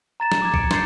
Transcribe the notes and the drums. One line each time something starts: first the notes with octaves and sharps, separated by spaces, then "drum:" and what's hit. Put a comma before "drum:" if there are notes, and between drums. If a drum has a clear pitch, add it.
A#5 A6 E7
drum: snare
D6 G#6
C#7 D7, drum: kick
C6 D6 G6 A6 C7 C#7, drum: snare